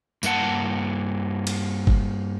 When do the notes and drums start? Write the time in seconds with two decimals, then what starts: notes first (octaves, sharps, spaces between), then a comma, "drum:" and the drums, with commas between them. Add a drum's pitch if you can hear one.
0.23 G2 A#3 D4 F#5 A5, drum: tambourine
1.47 drum: cymbal
1.87 drum: kick